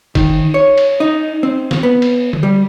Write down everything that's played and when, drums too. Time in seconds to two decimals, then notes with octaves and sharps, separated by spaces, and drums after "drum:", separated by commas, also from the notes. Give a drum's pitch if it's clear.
0.15 D#3, drum: kick G1, cymbal
0.54 C#5
0.78 drum: cymbal
1.00 D#4
1.43 C4
1.71 drum: snare
1.83 B3
2.02 drum: cymbal
2.33 drum: tom D3
2.43 G3